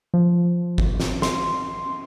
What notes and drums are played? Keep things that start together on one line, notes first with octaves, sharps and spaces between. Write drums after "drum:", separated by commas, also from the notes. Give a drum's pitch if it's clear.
F3
drum: kick G1
drum: snare
C6, drum: snare